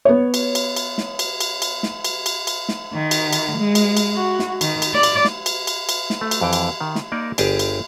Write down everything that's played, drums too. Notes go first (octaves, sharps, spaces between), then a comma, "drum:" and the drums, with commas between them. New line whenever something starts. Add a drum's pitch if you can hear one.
B3 C#5
drum: cymbal
drum: cymbal
drum: cymbal
drum: snare
drum: cymbal
drum: cymbal
drum: cymbal
drum: snare
drum: cymbal
drum: cymbal
drum: cymbal
drum: snare
D#3
drum: cymbal
drum: cymbal
G#3
drum: cymbal
drum: cymbal
F#4
drum: snare
D#3, drum: cymbal
drum: cymbal
D5
drum: cymbal
drum: snare
drum: cymbal
drum: cymbal
drum: cymbal
drum: snare
A3
drum: cymbal
F2 E3 G5
drum: cymbal
D#3
drum: snare
A#3 D#4 A#4 D5
G1 G4 G#4 D5, drum: cymbal
drum: cymbal